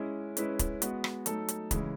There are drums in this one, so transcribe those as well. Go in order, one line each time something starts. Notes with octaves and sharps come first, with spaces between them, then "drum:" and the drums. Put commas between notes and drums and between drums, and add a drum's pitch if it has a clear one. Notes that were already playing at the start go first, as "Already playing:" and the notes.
Already playing: G#3 C#4 E4
G#3 C#4 E4 B4, drum: hi-hat
drum: kick, hi-hat
G#3 B3 F#4, drum: hi-hat
drum: rim click
F#3 A3 D#4 A4, drum: hi-hat
drum: hi-hat
C#3 E3 G#3, drum: kick, hi-hat